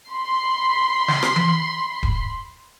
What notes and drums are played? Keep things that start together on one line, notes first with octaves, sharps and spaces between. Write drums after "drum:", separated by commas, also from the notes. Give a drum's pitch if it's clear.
B5 C6
drum: snare
drum: rim click
drum: tom E3
drum: kick D#1